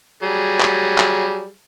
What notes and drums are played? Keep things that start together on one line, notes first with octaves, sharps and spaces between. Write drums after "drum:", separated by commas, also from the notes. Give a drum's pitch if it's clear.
F#3 G3 G#4
drum: clap
drum: clap